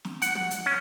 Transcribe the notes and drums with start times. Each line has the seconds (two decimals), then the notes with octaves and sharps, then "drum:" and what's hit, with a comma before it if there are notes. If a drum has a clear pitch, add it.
0.05 drum: snare
0.22 F#5, drum: hi-hat
0.35 drum: tom
0.51 drum: hi-hat
0.66 C#4